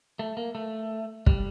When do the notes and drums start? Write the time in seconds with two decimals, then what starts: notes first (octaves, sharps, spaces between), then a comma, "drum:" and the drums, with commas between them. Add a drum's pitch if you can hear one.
0.19 A3
0.37 A#3
0.55 A3
1.26 G3, drum: kick